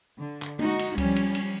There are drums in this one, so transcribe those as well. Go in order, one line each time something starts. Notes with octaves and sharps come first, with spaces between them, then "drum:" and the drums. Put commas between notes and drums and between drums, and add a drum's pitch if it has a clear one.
D3
drum: clap
D#4 F#4, drum: tom G#3
drum: cymbal
F3 G3 C#4, drum: kick C#2, cymbal
drum: cymbal
drum: cymbal